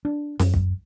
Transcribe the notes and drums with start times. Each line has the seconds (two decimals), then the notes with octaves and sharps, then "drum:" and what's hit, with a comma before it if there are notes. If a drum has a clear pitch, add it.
0.05 D4
0.39 F#2, drum: snare C#4
0.54 drum: kick